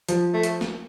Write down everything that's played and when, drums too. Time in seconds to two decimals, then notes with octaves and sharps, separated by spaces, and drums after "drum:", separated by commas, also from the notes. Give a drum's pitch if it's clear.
0.09 F3, drum: hi-hat
0.33 A3
0.43 drum: hi-hat
0.61 drum: snare A#3